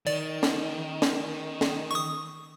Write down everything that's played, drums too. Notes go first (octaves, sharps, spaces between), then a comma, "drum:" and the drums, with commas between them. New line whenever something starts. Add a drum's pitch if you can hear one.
D#3 D5
drum: snare
drum: snare
drum: snare
C#6 D#6